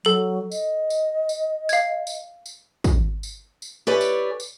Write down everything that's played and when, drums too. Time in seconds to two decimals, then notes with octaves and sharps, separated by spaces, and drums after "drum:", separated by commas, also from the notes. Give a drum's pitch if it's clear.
0.05 F#3 A4 F#7
0.51 D#5, drum: tambourine
0.90 drum: tambourine
1.29 drum: tambourine
1.69 F5 G#6, drum: tambourine
2.07 drum: tambourine
2.46 drum: tambourine
2.84 drum: kick, tambourine
3.23 drum: tambourine
3.62 drum: tambourine
3.87 G4 A4 B4 C#5 D5 G#5
4.01 drum: tambourine
4.40 drum: tambourine